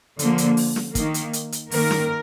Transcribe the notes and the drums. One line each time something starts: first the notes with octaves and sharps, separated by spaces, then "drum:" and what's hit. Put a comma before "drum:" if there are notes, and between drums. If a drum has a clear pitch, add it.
D3 F3 A#3, drum: hi-hat
drum: hi-hat
drum: open hi-hat
drum: snare
D#3 A#3, drum: kick, hi-hat
drum: hi-hat
drum: hi-hat
drum: hi-hat
D#3 A#3 A#4, drum: open hi-hat
drum: snare